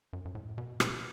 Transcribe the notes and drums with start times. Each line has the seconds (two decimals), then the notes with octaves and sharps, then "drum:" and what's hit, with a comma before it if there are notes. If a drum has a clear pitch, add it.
0.13 F#2
0.25 F#2
0.35 A2
0.58 B2
0.80 B2, drum: rim click